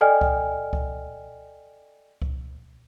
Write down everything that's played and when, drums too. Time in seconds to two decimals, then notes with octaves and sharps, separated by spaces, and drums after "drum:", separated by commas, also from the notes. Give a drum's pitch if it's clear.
0.01 A4 D5 D#5 G5 G#5 F6
0.21 drum: kick C#2
0.73 drum: kick C#2
2.22 drum: kick C#2